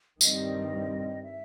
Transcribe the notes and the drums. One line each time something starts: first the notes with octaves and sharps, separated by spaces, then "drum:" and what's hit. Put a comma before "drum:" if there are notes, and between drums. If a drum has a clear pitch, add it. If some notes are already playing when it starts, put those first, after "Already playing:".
G2 D#3 G3 C4 D#5, drum: tambourine
E5